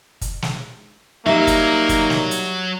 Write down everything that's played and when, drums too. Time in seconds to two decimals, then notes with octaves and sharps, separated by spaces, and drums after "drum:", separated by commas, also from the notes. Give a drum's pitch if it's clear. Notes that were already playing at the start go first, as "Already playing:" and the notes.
0.21 drum: kick, hi-hat
0.42 drum: snare
1.26 F#3 G3 A#3 D#4 E5
1.47 drum: kick, hi-hat
1.89 drum: kick, hi-hat
2.10 drum: snare
2.31 drum: hi-hat